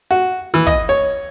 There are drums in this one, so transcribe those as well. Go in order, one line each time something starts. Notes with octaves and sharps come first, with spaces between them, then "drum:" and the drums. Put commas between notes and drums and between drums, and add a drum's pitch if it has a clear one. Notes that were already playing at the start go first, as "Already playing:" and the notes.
F#4
E3
D#5, drum: kick
C#5